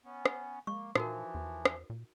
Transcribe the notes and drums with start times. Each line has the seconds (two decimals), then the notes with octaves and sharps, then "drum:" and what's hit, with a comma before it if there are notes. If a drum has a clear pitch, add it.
0.05 B3 C#4
0.26 drum: rim click
0.67 G#3 A#3 C#6
0.95 A#2 E3 F3 D#4 F#4 A#4, drum: rim click
1.34 E2
1.65 drum: rim click
1.90 A#2